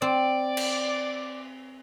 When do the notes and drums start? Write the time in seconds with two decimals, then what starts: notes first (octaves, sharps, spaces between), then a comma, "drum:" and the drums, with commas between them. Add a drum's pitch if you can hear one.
0.02 C4 D5
0.57 drum: cymbal